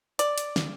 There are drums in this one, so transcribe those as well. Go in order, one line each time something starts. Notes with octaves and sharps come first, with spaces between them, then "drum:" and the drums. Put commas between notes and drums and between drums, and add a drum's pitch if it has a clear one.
D5, drum: hi-hat
drum: hi-hat
drum: snare